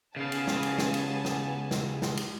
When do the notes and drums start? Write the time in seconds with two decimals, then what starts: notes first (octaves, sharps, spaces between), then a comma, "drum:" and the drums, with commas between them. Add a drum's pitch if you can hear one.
0.16 C#3 B3 F5 G#5 A5
0.32 drum: cymbal
0.47 drum: snare
0.63 drum: cymbal
0.78 drum: snare
0.94 drum: cymbal
1.25 drum: snare
1.71 drum: snare
2.02 drum: snare
2.17 drum: cymbal